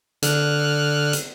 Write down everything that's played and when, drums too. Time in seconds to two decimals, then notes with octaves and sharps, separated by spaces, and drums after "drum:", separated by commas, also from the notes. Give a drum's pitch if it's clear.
0.22 D3 F6 F#6, drum: hi-hat
1.13 drum: hi-hat